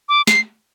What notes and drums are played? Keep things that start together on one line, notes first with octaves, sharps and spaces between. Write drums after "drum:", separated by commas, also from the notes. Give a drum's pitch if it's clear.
D6
C7, drum: snare